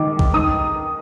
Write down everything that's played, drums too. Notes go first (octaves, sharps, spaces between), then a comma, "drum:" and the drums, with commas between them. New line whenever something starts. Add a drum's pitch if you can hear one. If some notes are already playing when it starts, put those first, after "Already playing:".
Already playing: D#3 D6
drum: kick
D#4 D#6